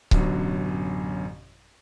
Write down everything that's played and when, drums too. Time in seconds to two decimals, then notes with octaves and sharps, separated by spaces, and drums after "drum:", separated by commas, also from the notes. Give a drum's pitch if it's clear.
0.11 A1 F#2 B2 D3, drum: kick C#1